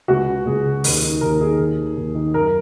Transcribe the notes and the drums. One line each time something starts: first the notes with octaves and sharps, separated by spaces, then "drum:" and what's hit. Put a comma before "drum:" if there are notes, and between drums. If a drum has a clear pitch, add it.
C#2 F#4
C#3
C#2 G#4
C#3
D#2, drum: open hi-hat
D#3
D#2 A#4
D#3 G#4
D#2
D#3
D#2
D#3
F#2 A#4